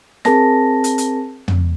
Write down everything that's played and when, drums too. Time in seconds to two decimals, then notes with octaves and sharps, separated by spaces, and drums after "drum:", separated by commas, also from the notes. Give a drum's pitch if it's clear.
0.25 C4 G#4 A#4 A5 A#6, drum: snare
0.84 drum: hi-hat
0.98 drum: hi-hat
1.48 drum: tom